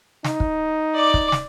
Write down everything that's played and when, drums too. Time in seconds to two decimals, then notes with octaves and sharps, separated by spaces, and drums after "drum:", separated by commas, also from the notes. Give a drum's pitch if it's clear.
0.25 D#4, drum: snare
0.40 drum: kick
0.95 D5 D6
1.14 drum: kick
1.32 drum: snare